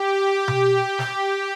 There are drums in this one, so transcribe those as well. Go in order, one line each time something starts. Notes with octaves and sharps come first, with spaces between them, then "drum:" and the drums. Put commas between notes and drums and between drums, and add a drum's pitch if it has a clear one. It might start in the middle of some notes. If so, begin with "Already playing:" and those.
Already playing: G4
drum: tom B2
drum: snare